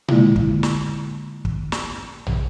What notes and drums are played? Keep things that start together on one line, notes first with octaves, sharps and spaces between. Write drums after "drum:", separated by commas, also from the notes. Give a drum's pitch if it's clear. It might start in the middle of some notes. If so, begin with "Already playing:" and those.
D3 G#3 A#3 E4 F4, drum: tom A#2
drum: kick
drum: snare
drum: kick
drum: snare
drum: tom